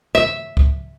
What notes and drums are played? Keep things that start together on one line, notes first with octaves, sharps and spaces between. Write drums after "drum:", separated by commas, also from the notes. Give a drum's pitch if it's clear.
E5, drum: tom
drum: kick